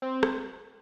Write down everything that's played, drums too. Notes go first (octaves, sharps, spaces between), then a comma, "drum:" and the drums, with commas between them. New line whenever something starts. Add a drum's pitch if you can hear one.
C4
drum: rim click